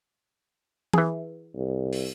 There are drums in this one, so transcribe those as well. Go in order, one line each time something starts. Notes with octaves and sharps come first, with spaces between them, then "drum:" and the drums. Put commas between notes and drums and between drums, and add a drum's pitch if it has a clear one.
E3 G#4, drum: tom E3
C2
drum: open hi-hat